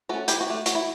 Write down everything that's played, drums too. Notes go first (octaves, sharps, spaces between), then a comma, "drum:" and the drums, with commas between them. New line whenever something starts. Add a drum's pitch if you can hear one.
A3 C#4 F#4 A4
E3 E4 G4, drum: hi-hat
F#4
A3 D4
E3 F#4, drum: hi-hat
E4